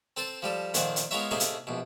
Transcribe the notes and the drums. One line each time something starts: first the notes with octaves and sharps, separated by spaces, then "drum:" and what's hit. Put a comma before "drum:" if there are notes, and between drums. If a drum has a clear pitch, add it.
C4 A4 C5 A5
F3 G3 A4
F2 A#2 D#3 C4 F#5, drum: hi-hat
drum: hi-hat
G#3 B3 F4 A#4 C#5 E5
A2 C3 A3 A#3 D#4 G#4
drum: hi-hat
A#1 B2